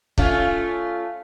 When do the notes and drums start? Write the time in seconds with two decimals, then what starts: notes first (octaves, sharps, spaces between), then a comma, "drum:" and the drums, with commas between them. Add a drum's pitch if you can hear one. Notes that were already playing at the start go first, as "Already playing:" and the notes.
0.18 A3 C#4 F4, drum: kick